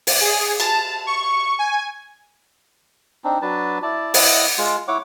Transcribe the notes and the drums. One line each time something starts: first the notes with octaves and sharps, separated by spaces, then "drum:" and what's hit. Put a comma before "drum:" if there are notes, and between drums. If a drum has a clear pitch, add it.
drum: open hi-hat
G#4
A5, drum: cymbal
C#6
G#5
C4 D4 D#4
F#3 D4 B4 A5
E4 D5 A5
E4 D#5 F#5, drum: open hi-hat
G#3 F4
E4 C#5 F#5 D6